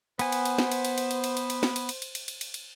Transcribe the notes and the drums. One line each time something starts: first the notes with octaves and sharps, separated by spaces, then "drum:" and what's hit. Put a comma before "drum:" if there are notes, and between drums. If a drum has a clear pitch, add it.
B3 C5 G#5, drum: cymbal
drum: cymbal
drum: cymbal
drum: snare
drum: cymbal
drum: cymbal
drum: cymbal
drum: cymbal
drum: cymbal
drum: cymbal
drum: cymbal
drum: snare
drum: cymbal
drum: cymbal
drum: cymbal
drum: cymbal
drum: cymbal
drum: cymbal
drum: cymbal